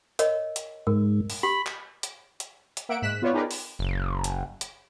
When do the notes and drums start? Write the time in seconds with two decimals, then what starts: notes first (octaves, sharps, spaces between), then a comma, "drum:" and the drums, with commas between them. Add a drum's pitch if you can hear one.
0.19 A#4 C#5 D#5, drum: hi-hat
0.56 drum: hi-hat
0.87 G#2 A#4
1.30 drum: open hi-hat
1.43 G4 B5
1.66 drum: clap
2.03 drum: hi-hat
2.40 drum: hi-hat
2.77 drum: hi-hat
2.89 A#3 E5 F#5 D7
3.02 G#2 F#6 B6 E7
3.22 B3 F4 B4 C#5 D5
3.33 D#4 G4 G#4 A#4 B4 D5
3.51 drum: open hi-hat
3.79 F#1
4.24 drum: hi-hat
4.61 drum: hi-hat